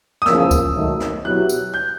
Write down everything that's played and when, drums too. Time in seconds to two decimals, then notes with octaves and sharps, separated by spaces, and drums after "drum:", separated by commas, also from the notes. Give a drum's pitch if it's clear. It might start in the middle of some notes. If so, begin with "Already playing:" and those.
0.22 D#6
0.26 E2 C#3 F3 A#3 E6, drum: snare
0.51 drum: kick C#2, tambourine
0.76 G#2 D#3 F#3 A3
1.00 drum: snare
1.25 B2 F#3 B3 E4 G4 F#6
1.49 drum: tambourine
1.74 G6